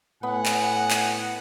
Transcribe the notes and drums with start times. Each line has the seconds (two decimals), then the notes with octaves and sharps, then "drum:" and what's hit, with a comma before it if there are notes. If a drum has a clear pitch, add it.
0.23 A2 B3 F#5 G#5
0.46 drum: clap
0.90 drum: clap